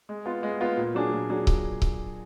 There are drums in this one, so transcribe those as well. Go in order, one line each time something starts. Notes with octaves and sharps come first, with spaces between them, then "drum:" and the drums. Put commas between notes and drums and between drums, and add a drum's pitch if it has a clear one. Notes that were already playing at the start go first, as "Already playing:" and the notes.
G#3
B3 F4
G#3
B3 F4
A#2
F#3 D4 G#4
A#2
F#3 D4 G#4
drum: kick C#1
drum: kick C#1